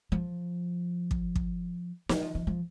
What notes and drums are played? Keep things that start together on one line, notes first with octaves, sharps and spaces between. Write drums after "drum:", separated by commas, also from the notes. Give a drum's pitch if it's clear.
F3
drum: kick
drum: kick
F#3, drum: snare
F3
F3
F3